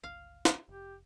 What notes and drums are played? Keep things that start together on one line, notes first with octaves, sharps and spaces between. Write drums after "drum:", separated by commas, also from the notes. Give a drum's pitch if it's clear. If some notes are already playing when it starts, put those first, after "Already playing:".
G1 C#2 F5
drum: snare
F1 G4